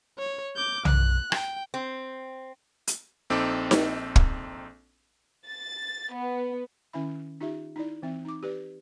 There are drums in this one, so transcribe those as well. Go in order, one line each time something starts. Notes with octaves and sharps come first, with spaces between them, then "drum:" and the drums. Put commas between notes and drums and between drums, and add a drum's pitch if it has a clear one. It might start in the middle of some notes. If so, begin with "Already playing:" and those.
C#5
D6 G6
F#6, drum: tom B1
G5, drum: rim click
C4
drum: hi-hat
A#1 C4 D#4 A4 D6
drum: snare D#4
drum: kick
A6
B3
D#3 C#4 E4 E5 B5
D#4 F4 G4 E5
D#4 E4 D5
E3 C4 E5
D#4 D6
G4 B4 D5